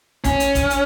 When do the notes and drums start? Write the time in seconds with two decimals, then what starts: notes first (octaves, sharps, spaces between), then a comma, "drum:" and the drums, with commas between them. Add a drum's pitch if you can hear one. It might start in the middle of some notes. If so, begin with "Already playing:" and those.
0.24 C#4, drum: kick A1, hi-hat
0.40 drum: hi-hat
0.55 drum: kick A1, hi-hat
0.70 drum: hi-hat